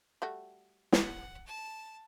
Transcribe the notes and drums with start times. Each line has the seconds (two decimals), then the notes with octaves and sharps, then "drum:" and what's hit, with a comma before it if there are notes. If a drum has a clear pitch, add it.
0.22 G3 A3 F#4
0.93 F#5, drum: snare
1.46 A5